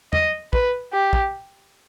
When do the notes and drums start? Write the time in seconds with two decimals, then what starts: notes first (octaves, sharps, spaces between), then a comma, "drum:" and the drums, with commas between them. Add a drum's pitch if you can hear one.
0.13 D#5, drum: tom
0.53 B4, drum: kick
0.93 G4
1.13 drum: kick